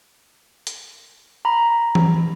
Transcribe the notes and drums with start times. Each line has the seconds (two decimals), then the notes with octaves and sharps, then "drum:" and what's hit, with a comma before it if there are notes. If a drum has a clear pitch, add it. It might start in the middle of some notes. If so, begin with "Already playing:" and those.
0.67 drum: hi-hat
1.45 A#5 B5
1.95 drum: tom E3